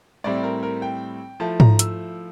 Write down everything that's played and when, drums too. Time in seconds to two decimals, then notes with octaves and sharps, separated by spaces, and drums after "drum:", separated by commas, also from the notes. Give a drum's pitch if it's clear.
0.24 A2 G3 C4 E4 D5
0.43 A#4
0.63 A#4
0.82 G5
1.40 F3 A3 E4 A5
1.60 A#5, drum: tom G#2
1.79 E6, drum: hi-hat